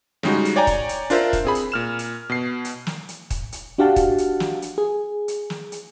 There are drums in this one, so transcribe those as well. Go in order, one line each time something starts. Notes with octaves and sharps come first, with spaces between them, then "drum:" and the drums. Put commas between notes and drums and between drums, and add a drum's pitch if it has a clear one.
C#3 G3 G#3 D#4 F#4, drum: snare
drum: hi-hat
C#5 D5 G5 G#5 A#5
drum: kick, hi-hat
drum: hi-hat
D4 F4 A#4 C5 E5, drum: hi-hat
drum: kick, hi-hat
C4 G#4 B5
drum: hi-hat
A#2 F6 E7
drum: hi-hat
B2 C7
drum: hi-hat
drum: snare
drum: hi-hat
drum: kick, hi-hat
drum: hi-hat
D4 F#4 G4 F5 F#5 A5
drum: kick, hi-hat
drum: hi-hat
drum: snare
drum: hi-hat
G#4
drum: hi-hat
drum: snare
drum: hi-hat